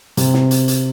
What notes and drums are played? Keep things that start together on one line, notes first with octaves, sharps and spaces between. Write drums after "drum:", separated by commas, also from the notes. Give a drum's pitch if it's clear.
C3, drum: hi-hat
drum: snare
drum: hi-hat
drum: hi-hat